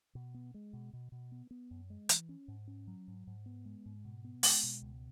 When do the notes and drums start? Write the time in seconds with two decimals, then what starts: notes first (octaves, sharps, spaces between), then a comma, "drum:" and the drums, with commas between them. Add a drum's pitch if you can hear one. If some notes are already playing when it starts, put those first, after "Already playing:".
0.15 B2
0.34 B3
0.54 G#3
0.73 B2
0.93 B2
1.12 B2
1.32 B3
1.51 B3
1.71 F#2
1.90 G#3
2.09 E3, drum: hi-hat
2.29 C#4
2.48 G#2
2.68 C#4
2.87 F#3
3.08 G#2
3.27 G#2
3.46 B3
3.65 G#3
3.86 G#2
4.05 B2
4.25 B3
4.43 G#3, drum: open hi-hat
4.63 B2
4.82 C#2